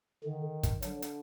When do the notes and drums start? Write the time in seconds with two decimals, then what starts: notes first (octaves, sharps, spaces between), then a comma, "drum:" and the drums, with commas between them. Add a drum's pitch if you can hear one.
0.24 D3 D#3
0.63 drum: kick, hi-hat
0.82 D3 F#3, drum: hi-hat
1.02 drum: hi-hat